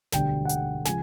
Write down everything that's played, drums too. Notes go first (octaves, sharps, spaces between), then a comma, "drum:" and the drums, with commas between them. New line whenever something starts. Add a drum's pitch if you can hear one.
E1 D2 D3 G3 G5, drum: snare
F#5
G5, drum: hi-hat
C#3 F3 G#3 G#5, drum: snare